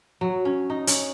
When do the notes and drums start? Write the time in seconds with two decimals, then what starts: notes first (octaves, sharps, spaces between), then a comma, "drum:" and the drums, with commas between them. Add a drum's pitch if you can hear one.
0.21 F#3
0.45 C#4
0.70 D#4
0.87 C#4, drum: hi-hat